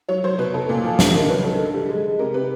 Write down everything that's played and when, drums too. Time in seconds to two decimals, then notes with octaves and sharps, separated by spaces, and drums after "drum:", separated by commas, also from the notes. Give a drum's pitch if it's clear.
0.09 F#3 C#5
0.24 F#3 C5
0.38 B2 B4
0.54 B2 A4
0.69 A#2
0.84 F3
0.99 C3, drum: snare
1.14 D#3
1.29 F#3 B4
1.44 F#3 A4
1.59 D3
1.74 G3
1.89 G#3
2.04 G#3
2.19 C3 A#4
2.34 C3 B4